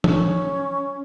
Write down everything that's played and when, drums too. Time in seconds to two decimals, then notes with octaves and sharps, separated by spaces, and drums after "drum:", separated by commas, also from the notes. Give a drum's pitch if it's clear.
0.04 C#4, drum: tom